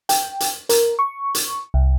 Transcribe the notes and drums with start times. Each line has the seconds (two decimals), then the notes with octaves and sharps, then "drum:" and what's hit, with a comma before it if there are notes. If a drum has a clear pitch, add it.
0.09 G5, drum: hi-hat
0.40 drum: hi-hat
0.69 A#4, drum: hi-hat
0.99 C#6
1.35 drum: hi-hat
1.74 C2